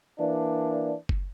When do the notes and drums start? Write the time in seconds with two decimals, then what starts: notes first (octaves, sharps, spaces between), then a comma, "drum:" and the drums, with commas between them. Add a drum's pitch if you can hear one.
0.19 E3 A#3 D4
1.09 drum: kick F#1